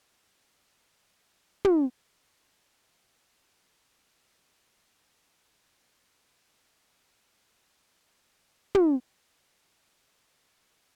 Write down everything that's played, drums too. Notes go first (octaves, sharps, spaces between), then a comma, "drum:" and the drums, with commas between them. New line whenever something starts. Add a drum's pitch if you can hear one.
A#2
A2
A#2
F3
G3
drum: tom
A#3
C4
A#3
A3
G3
F3
F3
G3
G3
A3
A#3
A3
C4
A#3
A#3
A3
F3
E3
drum: tom
F3
G3
E3
C3